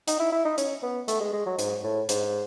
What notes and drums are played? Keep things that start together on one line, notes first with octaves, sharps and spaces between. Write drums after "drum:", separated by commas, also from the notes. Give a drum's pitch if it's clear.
D#4, drum: hi-hat
E4
E4
D#4
C#4, drum: hi-hat
B3
A3, drum: hi-hat
G#3
G#3
F#3
G#2, drum: hi-hat
A2
G#2, drum: hi-hat